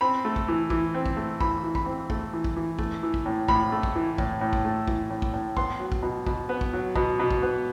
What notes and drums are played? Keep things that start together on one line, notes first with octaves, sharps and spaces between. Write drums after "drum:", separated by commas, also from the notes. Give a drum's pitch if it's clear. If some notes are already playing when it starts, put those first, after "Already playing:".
C4 B5
A3
drum: kick
E3
E3, drum: kick
C4
drum: kick
A3
E3 B5, drum: kick
E3
B5, drum: kick
C4
A3, drum: kick
E3
drum: kick
E3
A3, drum: kick
E3
drum: kick
A2
A2 B5, drum: kick
A3
drum: kick
E3
A2, drum: kick
A2
drum: kick
A3
E3, drum: kick
A2
drum: kick
A2
B3 C6, drum: kick
F#3
drum: kick
B2
B2, drum: kick
B3
drum: kick
F#3
B2, drum: kick
B2
drum: kick
B3